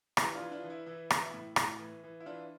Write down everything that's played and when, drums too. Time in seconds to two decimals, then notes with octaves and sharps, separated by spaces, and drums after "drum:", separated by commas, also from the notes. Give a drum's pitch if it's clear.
0.17 E3 E4 G4, drum: rim click
0.34 D4 F4
0.41 E3
0.52 D4 F4
0.63 E3
0.70 E4
0.86 E3 E4
1.10 E3, drum: rim click
1.22 E4
1.34 A2
1.56 A2, drum: rim click
1.79 E3
2.04 E3
2.20 E4
2.26 E3 D4 F4